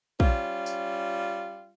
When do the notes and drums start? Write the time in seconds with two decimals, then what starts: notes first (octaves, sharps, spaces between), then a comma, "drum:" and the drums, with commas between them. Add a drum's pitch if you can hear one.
0.20 G3 C#4 F4, drum: kick
0.66 drum: tambourine